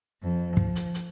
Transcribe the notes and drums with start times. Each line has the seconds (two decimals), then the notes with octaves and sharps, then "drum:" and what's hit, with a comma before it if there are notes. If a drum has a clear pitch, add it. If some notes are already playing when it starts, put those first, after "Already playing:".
0.23 F2
0.57 F3, drum: kick
0.76 drum: hi-hat
0.94 drum: hi-hat